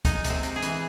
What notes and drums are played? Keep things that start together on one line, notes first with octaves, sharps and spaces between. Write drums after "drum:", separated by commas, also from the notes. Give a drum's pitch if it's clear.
G#3 D#4, drum: kick, hi-hat
C3, drum: hi-hat
C4
C3, drum: hi-hat
G#4
E3, drum: hi-hat